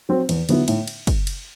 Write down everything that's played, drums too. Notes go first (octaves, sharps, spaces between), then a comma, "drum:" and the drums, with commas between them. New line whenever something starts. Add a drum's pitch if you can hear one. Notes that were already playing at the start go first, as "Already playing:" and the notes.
F#3 C4
E2, drum: cymbal
D3 F#3 B3 E4, drum: cymbal
A2, drum: cymbal
drum: cymbal
drum: kick, cymbal
drum: cymbal